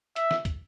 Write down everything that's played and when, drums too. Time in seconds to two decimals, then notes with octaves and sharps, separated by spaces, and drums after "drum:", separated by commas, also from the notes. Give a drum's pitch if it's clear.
0.16 E5, drum: hi-hat
0.31 drum: snare
0.45 drum: kick, hi-hat